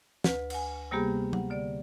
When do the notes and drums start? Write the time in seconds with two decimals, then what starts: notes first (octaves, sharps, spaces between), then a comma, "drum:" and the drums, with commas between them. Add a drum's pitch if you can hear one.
0.24 D2 B4, drum: snare
0.50 F#5 G#5, drum: cymbal
0.91 C3 G3 A#3 B3 G4 G#4
1.33 F#5, drum: tom F#3
1.50 D3 D5